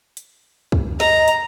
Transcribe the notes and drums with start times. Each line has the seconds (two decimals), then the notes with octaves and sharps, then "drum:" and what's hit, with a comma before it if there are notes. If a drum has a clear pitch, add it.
0.17 drum: hi-hat
0.72 drum: kick
1.00 D#5 A#5, drum: snare
1.28 drum: hi-hat